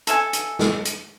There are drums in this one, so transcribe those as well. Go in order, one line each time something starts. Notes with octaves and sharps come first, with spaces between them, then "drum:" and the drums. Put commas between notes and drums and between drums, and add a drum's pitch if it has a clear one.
A4 E5 G#5, drum: hi-hat
drum: hi-hat
drum: snare
drum: hi-hat